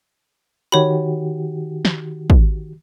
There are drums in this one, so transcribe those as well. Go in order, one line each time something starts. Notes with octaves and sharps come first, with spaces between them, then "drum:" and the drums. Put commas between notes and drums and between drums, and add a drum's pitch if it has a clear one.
D#3 F#4 G4 C#5 B5
drum: snare
drum: kick